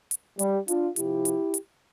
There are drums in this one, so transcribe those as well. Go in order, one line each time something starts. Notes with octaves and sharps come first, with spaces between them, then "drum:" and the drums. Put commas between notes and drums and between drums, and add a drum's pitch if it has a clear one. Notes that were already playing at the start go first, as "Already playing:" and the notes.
drum: hi-hat
G3, drum: hi-hat
D4 F4, drum: hi-hat
C3 F3 E4 G4, drum: hi-hat
drum: hi-hat
drum: hi-hat